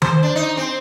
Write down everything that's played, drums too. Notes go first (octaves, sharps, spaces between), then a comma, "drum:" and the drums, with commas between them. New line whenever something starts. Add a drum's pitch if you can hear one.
C5, drum: tom D#3
D4
D#4
C4